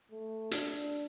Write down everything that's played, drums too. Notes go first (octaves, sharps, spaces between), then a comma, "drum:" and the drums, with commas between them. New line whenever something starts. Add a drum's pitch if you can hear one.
A3
D4, drum: hi-hat